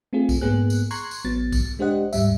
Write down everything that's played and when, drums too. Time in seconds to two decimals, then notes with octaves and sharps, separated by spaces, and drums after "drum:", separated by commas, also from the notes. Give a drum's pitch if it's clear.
0.13 A3 C4 F4 G#4
0.29 drum: kick B1, tambourine
0.41 G#2 A#3 B3 G#4 F#6
0.70 drum: tambourine
0.91 A#5 C6 C#6 F#6 G#6, drum: tambourine
1.11 drum: tambourine
1.25 A1 F#3 B3 A6
1.52 drum: kick B1, tambourine
1.79 G#3 D4 G4 C5 D#5 F#5
2.13 D#2 G#2 G3 E5, drum: tambourine